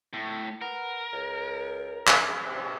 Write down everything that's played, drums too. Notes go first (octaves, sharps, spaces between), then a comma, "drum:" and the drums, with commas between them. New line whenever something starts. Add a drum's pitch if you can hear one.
A2
B3 A#4
C#2
drum: clap
C3